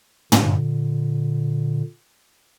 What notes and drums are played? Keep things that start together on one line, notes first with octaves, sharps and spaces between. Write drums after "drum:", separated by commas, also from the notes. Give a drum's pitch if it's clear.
A#2 D3, drum: tom